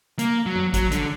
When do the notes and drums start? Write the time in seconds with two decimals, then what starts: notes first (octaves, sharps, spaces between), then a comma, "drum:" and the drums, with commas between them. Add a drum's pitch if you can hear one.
0.19 A#3, drum: hi-hat
0.46 F#3
0.55 drum: tom F#2
0.74 F#3, drum: kick A1, hi-hat
0.92 D3, drum: hi-hat